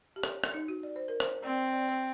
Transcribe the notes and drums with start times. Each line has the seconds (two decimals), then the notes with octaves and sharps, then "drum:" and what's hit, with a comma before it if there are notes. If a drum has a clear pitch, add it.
0.16 G4
0.23 A4, drum: rim click
0.44 drum: rim click
0.54 D#4
0.68 F#4
0.83 D5
0.96 C5
1.08 A#4
1.20 C5, drum: rim click
1.44 C4 D5
1.73 D5
1.89 C5